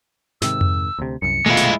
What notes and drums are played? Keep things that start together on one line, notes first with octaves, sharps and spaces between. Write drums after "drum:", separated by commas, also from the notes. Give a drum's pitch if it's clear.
G#2 C3 D#3 E6, drum: snare
drum: tom F2
D2 C3
C2 F#2 C#7
D#1 D#2 B2 G#3 A3 E4 F4
drum: snare